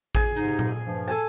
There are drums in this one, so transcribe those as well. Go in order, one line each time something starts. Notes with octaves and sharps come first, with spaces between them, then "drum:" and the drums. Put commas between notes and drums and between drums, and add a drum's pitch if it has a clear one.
G#4, drum: kick A1
G#2 C3 D#4, drum: hi-hat
drum: tom A#2
G2 F3
A4 G#5 A5